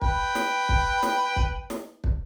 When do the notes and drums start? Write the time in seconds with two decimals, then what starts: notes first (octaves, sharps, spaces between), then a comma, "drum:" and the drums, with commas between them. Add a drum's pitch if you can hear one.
0.02 B4 G5, drum: kick
0.35 drum: snare
0.69 drum: kick
1.03 drum: snare
1.36 drum: kick
1.70 drum: snare
2.04 drum: kick